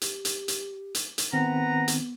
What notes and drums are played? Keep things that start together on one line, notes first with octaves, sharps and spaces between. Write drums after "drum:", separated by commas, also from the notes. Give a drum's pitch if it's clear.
G4, drum: hi-hat
drum: hi-hat
drum: hi-hat
drum: hi-hat
drum: hi-hat
D#3 B3 C4 B4 F#5 A#5
drum: hi-hat